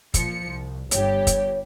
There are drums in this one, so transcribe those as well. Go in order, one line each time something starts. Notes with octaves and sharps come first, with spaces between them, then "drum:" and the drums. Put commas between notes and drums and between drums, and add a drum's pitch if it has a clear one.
A#2 F3 C#7, drum: kick, hi-hat
C2
G1 G2 G4 C#5, drum: hi-hat
drum: kick, hi-hat